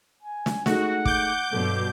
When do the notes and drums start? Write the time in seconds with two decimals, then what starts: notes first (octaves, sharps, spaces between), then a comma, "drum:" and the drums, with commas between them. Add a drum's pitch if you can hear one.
0.23 G#5
0.46 drum: snare
0.66 G#3 A3 D#4 F#4 F#5, drum: snare
1.05 D6 G6, drum: kick
1.53 G2 B2 F#3 A4